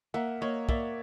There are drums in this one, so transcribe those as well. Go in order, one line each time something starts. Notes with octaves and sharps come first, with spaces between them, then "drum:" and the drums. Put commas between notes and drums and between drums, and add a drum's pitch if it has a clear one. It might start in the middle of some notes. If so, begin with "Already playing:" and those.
A#3 E5 F#5
A#3 C#5 D#5
A#3 D5 E5, drum: kick